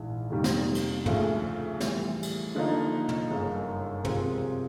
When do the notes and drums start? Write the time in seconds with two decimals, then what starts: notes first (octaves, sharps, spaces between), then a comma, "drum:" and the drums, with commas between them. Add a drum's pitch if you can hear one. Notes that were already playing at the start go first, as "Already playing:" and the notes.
Already playing: A#1 G#2 E3
0.30 F2 C3 D#3 G3 A#3
0.44 drum: snare
0.75 drum: cymbal
1.06 D2 C#3 F3 A3, drum: tom
1.80 A2 E3 G3, drum: snare
2.23 drum: cymbal
2.55 D3 F3 A#3 D#4
3.09 drum: tom
3.30 G1 F#2 C#3
4.05 C3 F3 G#3 C4, drum: tom